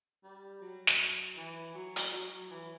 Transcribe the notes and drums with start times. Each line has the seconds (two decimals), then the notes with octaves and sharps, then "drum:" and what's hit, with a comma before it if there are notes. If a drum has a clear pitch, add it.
0.23 G3
0.61 F#3
0.87 drum: snare
0.99 F#3
1.37 E3
1.75 F#3
1.96 drum: hi-hat
2.13 F#3
2.50 E3